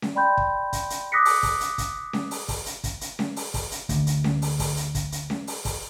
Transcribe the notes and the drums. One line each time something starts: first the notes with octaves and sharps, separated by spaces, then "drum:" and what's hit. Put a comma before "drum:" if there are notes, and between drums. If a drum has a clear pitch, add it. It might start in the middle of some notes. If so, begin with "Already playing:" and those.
drum: snare C#4
D5 G5 B5 C6 G6
drum: kick
drum: kick, hi-hat
drum: hi-hat
D6 D#6 F#6 A#6 B6 C#7
drum: open hi-hat
drum: kick, open hi-hat
drum: hi-hat
drum: kick, hi-hat
drum: snare C#4
drum: open hi-hat
drum: kick, open hi-hat
drum: hi-hat
drum: kick, hi-hat
drum: hi-hat
drum: snare C#4
drum: open hi-hat
drum: kick, open hi-hat
drum: hi-hat
D2 D3, drum: kick, hi-hat
drum: hi-hat
drum: snare C#4
drum: open hi-hat
drum: kick, open hi-hat
drum: hi-hat
drum: kick, hi-hat
drum: hi-hat
drum: snare C#4
drum: open hi-hat
drum: kick, open hi-hat